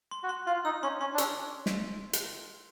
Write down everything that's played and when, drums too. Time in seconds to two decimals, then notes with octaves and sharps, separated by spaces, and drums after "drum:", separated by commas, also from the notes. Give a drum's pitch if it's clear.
0.11 C6
0.23 F#4
0.29 C6
0.47 F4 C6
0.65 D#4 E6
0.83 C#4 C6
1.00 C#4 C6
1.14 D4
1.18 C#4 E6, drum: hi-hat
1.66 drum: snare
2.13 drum: hi-hat